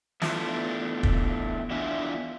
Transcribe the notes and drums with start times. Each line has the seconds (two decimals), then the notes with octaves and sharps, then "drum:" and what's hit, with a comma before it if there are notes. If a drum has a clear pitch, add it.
0.22 E3 A3 B3 D4 F4, drum: snare
1.03 drum: kick
1.71 E3 B3 D4 F4 E5 G#5